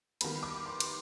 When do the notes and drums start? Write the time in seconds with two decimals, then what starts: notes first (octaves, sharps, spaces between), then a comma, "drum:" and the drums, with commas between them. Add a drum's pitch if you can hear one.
0.21 D#3 G3 B3 B5, drum: cymbal
0.43 D6
0.66 C6
0.80 drum: cymbal